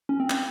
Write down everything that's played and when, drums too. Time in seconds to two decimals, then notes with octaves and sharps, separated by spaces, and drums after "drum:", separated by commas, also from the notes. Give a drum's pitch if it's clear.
0.09 C#4
0.20 C4
0.30 C4, drum: clap